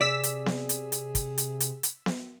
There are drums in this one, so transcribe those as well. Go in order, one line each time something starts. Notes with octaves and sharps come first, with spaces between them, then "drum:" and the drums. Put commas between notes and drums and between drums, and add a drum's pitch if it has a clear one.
C3 G#4 D5 E6 B6
drum: hi-hat
drum: snare B3
drum: hi-hat
drum: hi-hat
drum: kick, hi-hat
drum: hi-hat
drum: hi-hat
drum: hi-hat
drum: snare B3